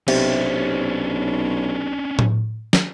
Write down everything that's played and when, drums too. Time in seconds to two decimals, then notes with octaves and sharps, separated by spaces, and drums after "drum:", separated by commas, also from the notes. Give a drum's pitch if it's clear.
0.08 B1 C3 C#4 D4, drum: cymbal
2.19 drum: tom A2
2.73 drum: snare